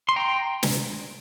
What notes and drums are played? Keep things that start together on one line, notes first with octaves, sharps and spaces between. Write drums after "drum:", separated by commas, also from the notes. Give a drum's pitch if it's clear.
C6
G5 A#5
drum: snare